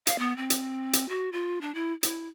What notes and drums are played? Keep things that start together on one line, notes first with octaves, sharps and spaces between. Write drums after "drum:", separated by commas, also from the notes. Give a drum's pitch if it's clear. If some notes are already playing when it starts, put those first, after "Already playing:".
F5, drum: hi-hat
B3
C4
drum: hi-hat
drum: hi-hat
F#4
F4
D4
E4
E4, drum: hi-hat